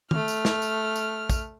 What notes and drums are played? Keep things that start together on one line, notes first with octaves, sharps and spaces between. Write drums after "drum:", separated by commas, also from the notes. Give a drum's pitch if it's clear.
A3 F6, drum: tom
drum: tambourine
drum: snare
drum: tambourine
drum: tambourine
drum: kick, tambourine